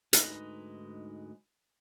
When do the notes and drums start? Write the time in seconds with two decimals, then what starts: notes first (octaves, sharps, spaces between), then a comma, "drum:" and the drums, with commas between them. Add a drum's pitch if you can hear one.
0.13 D2 G#2 G#3 D#4 B4 A#5, drum: hi-hat